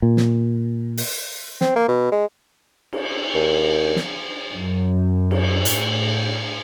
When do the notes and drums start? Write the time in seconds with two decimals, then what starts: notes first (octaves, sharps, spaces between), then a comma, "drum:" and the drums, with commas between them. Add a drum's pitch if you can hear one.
0.02 A#2
0.17 drum: snare
0.97 drum: open hi-hat
1.61 C4, drum: snare
1.76 A#3
1.88 B2
2.12 G#3
2.93 drum: cymbal
3.34 D#2
3.96 drum: snare
4.53 F#2
5.31 drum: cymbal
5.65 A2, drum: hi-hat